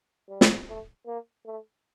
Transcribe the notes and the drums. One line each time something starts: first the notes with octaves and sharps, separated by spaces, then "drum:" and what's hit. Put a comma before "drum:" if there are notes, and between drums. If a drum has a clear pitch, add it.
G3
drum: snare
A3
A#3
A3